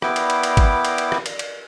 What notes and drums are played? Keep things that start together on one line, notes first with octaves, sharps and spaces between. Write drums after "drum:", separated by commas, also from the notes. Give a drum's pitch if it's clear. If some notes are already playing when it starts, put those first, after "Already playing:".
B3 E4 G5 D6, drum: rim click
drum: cymbal
drum: cymbal
drum: cymbal
drum: kick G#1, cymbal
drum: cymbal
drum: cymbal
drum: rim click
drum: cymbal
drum: cymbal